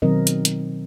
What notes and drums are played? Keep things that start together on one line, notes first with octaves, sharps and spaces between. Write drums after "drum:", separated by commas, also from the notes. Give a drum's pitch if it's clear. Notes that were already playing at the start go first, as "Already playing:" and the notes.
B2 D#3 F#3 C4 A#4 D#5
drum: hi-hat
drum: hi-hat